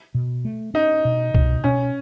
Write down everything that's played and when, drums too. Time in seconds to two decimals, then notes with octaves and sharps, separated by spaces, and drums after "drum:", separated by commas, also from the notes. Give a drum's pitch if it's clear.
0.15 B2
0.45 A3
0.74 C#4 D#4
1.05 B2
1.34 B2, drum: kick C2
1.64 B2 C#4